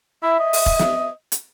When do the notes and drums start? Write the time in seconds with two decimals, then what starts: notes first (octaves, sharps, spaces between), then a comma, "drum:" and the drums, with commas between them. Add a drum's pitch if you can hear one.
0.23 E4 E5
0.40 D#5
0.53 drum: open hi-hat
0.66 drum: kick E1
0.79 drum: snare
1.32 drum: hi-hat